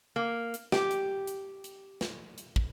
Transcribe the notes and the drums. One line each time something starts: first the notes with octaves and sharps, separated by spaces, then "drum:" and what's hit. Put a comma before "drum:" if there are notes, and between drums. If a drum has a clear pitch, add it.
A#3
drum: hi-hat
G4, drum: snare
drum: hi-hat
drum: hi-hat
drum: hi-hat
drum: snare
drum: hi-hat
drum: kick